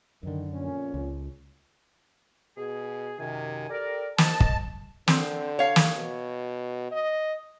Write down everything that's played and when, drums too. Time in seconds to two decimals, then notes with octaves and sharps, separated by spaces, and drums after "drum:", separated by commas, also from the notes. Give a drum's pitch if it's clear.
0.23 F#2 D3 D#3
0.52 F2 A#2 C#4
0.94 C#2
2.57 B2 G#4
3.19 F#2 C3 D#3 G#5
3.69 G4 A4 A#4 D5
4.18 C5 D#5 A5, drum: snare
4.40 drum: kick
5.08 D3 C4, drum: snare
5.59 C#5 F5
5.76 drum: snare
5.96 B2
6.91 D#5